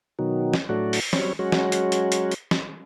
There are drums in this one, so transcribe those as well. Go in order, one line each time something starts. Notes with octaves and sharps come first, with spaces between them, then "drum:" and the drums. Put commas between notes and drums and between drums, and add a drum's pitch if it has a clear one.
B2 D#3 F#3
drum: snare
A2 F#3 A3 D4 F#4
drum: open hi-hat
F#3 G3 C4 C#4 C#5, drum: snare
F#3 G#3 C#4 F#4
drum: snare
drum: hi-hat
drum: hi-hat
drum: hi-hat
drum: hi-hat
drum: snare